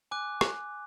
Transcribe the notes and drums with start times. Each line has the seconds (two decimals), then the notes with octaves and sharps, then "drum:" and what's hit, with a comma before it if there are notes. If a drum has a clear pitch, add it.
0.11 G#5 D6 F#6
0.41 drum: rim click